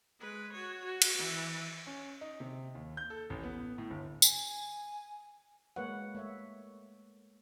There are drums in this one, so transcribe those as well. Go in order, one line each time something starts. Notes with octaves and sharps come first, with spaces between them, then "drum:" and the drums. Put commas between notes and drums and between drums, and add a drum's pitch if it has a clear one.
G#3 B4
F#4 C#5
F#4
drum: cymbal
E3
C#4
D#4
C3
D#2
G6
A4
A1
B3
A2
G1
G#5, drum: tambourine
G#3 A#3 B4 C#5 F#5
A3 C#5 E5